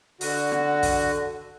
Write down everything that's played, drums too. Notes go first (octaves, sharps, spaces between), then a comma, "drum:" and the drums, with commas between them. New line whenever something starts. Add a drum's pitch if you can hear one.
D3 F#4, drum: open hi-hat
drum: rim click
drum: kick, open hi-hat